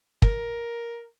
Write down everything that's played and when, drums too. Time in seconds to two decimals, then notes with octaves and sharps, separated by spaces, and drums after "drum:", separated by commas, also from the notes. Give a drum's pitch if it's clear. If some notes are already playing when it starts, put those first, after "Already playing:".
0.22 A#4, drum: kick